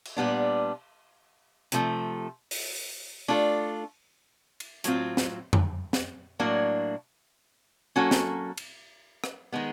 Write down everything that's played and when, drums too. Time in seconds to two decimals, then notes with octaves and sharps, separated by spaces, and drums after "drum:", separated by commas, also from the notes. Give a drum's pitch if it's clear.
0.05 drum: cymbal
0.16 A#2 G3 B3 D4
1.72 C3 F3 A3, drum: hi-hat
2.51 drum: open hi-hat
3.28 A3 D4 F4 A4
4.60 drum: cymbal
4.84 A2 F#3 A3 C4 F4, drum: hi-hat
5.17 drum: snare
5.53 drum: tom F2
5.93 drum: snare
6.39 A2 F#3 A#3 D4
7.96 F#3 A#3 C#4 F#4 A4
8.11 drum: snare
8.57 drum: cymbal
9.24 drum: rim click
9.52 D#3 G#3 B3